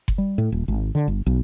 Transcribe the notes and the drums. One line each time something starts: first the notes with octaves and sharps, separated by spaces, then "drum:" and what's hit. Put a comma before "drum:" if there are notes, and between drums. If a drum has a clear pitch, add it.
drum: kick F#1
G3
A2
D#1
G#1
D3
G1
B1